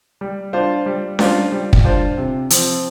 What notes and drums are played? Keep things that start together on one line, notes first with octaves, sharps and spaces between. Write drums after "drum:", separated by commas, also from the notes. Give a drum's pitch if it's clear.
G3
D4 F4 C5 F5
G3
D4 F4 C5 F5, drum: snare C#4
G3
drum: kick
D4 F4 C5 F5
C3
F3 C4, drum: hi-hat